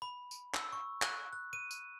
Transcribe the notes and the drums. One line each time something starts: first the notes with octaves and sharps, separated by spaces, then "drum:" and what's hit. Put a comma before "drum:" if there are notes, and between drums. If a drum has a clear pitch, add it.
B5
drum: tambourine
E6, drum: clap
C#6
F#6, drum: clap
F#6
D#7
drum: tambourine